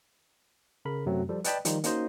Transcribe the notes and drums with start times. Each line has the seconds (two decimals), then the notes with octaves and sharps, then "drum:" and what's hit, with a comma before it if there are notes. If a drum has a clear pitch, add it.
0.85 C#3 A#4 B5
1.06 F#2 C3 F#3 A3 C4
1.29 F3 G3 A4
1.44 B4 D5 D#5 G5 A5 B5, drum: hi-hat
1.65 D#3 F3 G3 D#4 F4, drum: hi-hat
1.84 A#3 C#4 D#4 F#4 C5 D#5, drum: hi-hat